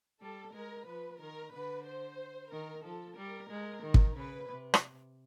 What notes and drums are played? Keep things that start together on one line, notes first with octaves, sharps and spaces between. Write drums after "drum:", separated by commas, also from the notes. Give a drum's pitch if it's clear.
G3 A4
G#3 A#4
F3 B4
D#3 A#4
D3 B4
C5
D#3 A#4
F3 A4
G3 A#4
G#3
D#3
drum: kick
C#3 B4
C3
drum: rim click